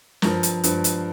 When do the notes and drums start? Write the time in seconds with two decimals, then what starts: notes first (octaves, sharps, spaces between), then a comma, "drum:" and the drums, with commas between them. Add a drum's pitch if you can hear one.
0.22 G2 F3 A#4, drum: snare
0.43 drum: hi-hat
0.64 G2 F3, drum: hi-hat
0.84 drum: hi-hat